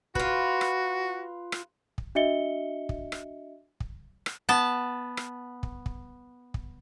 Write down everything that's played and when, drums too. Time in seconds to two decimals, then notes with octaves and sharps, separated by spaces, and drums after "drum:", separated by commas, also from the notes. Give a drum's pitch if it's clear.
0.15 F4 F#4 B4, drum: kick
0.61 drum: rim click
1.52 drum: rim click
1.98 drum: kick
2.15 D4 F#4 D#5 E5 C#7 G7
2.89 drum: kick
3.12 drum: rim click
3.80 drum: kick
4.26 drum: rim click
4.49 B3 A5
5.17 drum: rim click
5.63 drum: kick
5.86 drum: kick
6.54 drum: kick